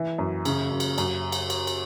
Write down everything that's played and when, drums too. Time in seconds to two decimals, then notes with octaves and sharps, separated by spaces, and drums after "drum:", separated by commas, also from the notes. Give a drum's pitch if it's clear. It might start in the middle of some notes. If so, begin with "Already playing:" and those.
Already playing: E3
0.18 F#2
0.45 C#3, drum: cymbal
0.71 F#2
0.80 drum: cymbal
0.98 F#2, drum: cymbal
1.32 drum: cymbal
1.50 drum: cymbal
1.67 drum: cymbal